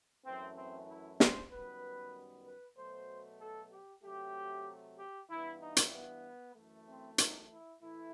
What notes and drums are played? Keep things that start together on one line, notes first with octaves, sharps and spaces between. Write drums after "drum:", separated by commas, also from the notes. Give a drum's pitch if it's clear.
F#2 E3 A3 C4
C4
E4
C5, drum: snare
F#2 D#3 G3 B3 B4
B4
B2 F#3 A3 C5
A4
G4
C3 F#3 A3 G4
G4
G2 E3 B3 E4
D#4
drum: hi-hat
B3
F#2 E3 A3
C4
D#4, drum: hi-hat
E4
A2 E3 A3 E4